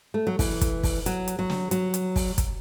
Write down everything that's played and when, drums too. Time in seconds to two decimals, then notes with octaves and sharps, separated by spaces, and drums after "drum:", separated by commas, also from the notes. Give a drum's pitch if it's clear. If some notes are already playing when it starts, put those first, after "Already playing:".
0.14 A3
0.27 F#3
0.39 E3, drum: kick, open hi-hat
0.61 drum: kick, hi-hat
0.83 drum: kick, open hi-hat
1.06 F#3, drum: hi-hat
1.28 drum: hi-hat
1.39 F#3
1.50 drum: snare
1.71 F#3, drum: hi-hat
1.94 drum: hi-hat
2.16 drum: kick, open hi-hat
2.38 drum: kick, hi-hat